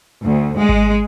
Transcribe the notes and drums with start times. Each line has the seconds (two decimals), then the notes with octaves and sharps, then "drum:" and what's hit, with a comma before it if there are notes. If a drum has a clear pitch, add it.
0.24 D2
0.59 G#3
0.69 drum: kick G#1